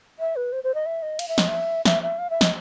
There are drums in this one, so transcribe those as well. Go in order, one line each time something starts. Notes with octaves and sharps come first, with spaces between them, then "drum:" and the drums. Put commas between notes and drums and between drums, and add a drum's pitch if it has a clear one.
E5
B4
C5
C5
D#5
E5
D#5
F5, drum: cymbal
E5
D#5, drum: snare
E5
E5, drum: snare
E5
F5
E5
D#5, drum: snare